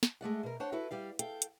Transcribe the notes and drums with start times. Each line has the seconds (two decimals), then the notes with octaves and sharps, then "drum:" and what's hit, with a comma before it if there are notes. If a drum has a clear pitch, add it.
0.03 drum: snare
0.21 G#3 A3 D5 F#5
0.43 B2 A#4
0.60 D4 C5 C#5 F#5 A5
0.72 E4 F#4 A4 B4
0.91 G3 D5 F5
1.19 A4 F5 G5, drum: hi-hat
1.42 drum: hi-hat